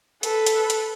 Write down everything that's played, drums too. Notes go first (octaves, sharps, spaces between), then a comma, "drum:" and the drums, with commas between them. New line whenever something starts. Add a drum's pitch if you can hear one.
A4 B4, drum: hi-hat
drum: hi-hat
drum: hi-hat